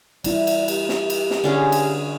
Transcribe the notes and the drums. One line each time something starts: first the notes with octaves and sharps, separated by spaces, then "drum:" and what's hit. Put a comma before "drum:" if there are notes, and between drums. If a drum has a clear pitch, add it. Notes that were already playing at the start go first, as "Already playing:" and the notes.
G3 E4 D5, drum: cymbal
drum: cymbal
G4, drum: cymbal
drum: snare
drum: cymbal
drum: snare
D3 C#4 G#4
drum: cymbal